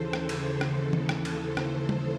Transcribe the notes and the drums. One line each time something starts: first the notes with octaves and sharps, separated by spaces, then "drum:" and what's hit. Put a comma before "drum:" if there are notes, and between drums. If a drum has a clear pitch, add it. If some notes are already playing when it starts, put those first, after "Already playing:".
Already playing: D#2 C#3 E3 A4 C5
C5, drum: rim click
drum: cymbal
A4
drum: rim click
D#2 C#3 E3 A4
drum: tom D#3
drum: rim click
drum: cymbal
C5
drum: rim click
drum: tom G3